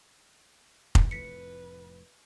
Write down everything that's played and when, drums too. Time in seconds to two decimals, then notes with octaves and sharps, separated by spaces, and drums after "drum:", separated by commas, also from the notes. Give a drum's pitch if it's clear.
0.95 drum: kick F1
1.11 F1 F2 A2 B4 B6 C#7